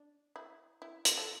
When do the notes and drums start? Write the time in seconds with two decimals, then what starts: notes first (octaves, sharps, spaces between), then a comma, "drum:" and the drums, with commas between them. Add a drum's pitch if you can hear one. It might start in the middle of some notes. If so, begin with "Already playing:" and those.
Already playing: D4
0.36 E4
0.82 E4
1.05 F4, drum: hi-hat
1.18 A4